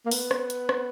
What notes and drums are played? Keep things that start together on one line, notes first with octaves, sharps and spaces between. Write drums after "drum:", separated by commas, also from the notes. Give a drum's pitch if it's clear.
A#3
B3, drum: open hi-hat
drum: rim click
drum: hi-hat
drum: rim click